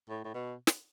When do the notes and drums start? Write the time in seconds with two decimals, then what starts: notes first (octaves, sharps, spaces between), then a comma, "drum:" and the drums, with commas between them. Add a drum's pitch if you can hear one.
0.09 A2
0.24 A2
0.34 B2
0.67 drum: snare